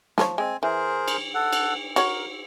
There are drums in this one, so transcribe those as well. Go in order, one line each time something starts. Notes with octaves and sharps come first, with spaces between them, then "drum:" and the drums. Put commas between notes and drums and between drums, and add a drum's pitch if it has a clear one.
F3 A#4 C#5, drum: snare
G#3 C4 G#5
E3 G#4 A#4 C5
drum: cymbal
A4 F#5
drum: cymbal
F#4 A#4 C#5, drum: cymbal